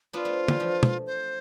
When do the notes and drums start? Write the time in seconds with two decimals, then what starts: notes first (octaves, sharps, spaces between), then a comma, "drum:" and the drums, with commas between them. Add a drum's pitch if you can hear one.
0.13 B3 D4 F4
0.25 A3 C4
0.48 E3 G3, drum: tom
0.60 F3 A3
0.83 drum: tom
1.06 C5